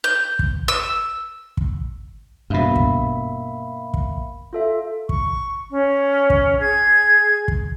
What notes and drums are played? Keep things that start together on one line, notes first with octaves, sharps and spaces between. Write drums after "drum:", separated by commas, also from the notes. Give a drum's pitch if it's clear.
G6
drum: kick
E6
drum: kick
G2 B2 A#3 E5 B5
drum: kick
drum: kick
F4 A4 E5
C#6, drum: kick
C#4
drum: kick
G#4 G#6
drum: kick